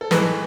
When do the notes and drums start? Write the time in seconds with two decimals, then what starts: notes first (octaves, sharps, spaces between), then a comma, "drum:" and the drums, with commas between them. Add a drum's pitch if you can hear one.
0.01 A4
0.11 A2 E3 G#3 B4, drum: snare